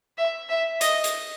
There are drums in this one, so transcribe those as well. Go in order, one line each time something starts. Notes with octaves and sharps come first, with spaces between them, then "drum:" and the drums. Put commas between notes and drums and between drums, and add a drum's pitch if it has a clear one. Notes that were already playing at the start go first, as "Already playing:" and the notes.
E5
E5
D#5, drum: hi-hat
drum: hi-hat